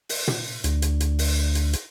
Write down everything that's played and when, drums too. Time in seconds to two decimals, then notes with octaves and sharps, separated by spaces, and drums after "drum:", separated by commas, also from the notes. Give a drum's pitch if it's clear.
0.09 drum: open hi-hat
0.28 drum: tom
0.64 D2, drum: hi-hat
0.82 drum: hi-hat
1.00 drum: hi-hat
1.19 drum: open hi-hat
1.55 drum: hi-hat
1.73 drum: hi-hat